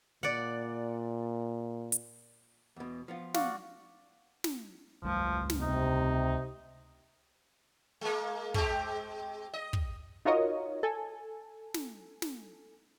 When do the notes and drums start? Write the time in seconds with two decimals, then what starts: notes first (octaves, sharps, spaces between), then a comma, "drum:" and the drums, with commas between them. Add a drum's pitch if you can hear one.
0.23 A#2 D5 F#5
1.92 drum: hi-hat
2.76 E2 B2
3.08 F3 B3 F4
3.34 F#4 D5 F5 F#5, drum: snare
4.44 drum: snare
5.04 C#2 F3 G3 A3
5.50 drum: snare
5.60 C3 D#4
8.01 G#3 A#3
8.54 G#3 C4 G4, drum: kick
9.53 D#5
9.73 drum: kick
10.25 D#4 F4 F#4 A#4 C#5 D#5
10.83 A4 G#5
11.74 drum: snare
12.22 drum: snare